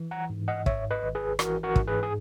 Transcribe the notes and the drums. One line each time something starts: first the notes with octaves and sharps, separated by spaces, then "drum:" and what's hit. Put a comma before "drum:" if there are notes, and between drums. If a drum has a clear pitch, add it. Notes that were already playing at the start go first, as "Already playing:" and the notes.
Already playing: E3
F#5 A#5
G#2
D#5 F#5
G#1 C#5 E5, drum: kick
B4 D#5
G#1
G#4 B4
E3 F#4 A#4, drum: rim click
F#4 A#4
G#2, drum: kick
G#4 B4
G#4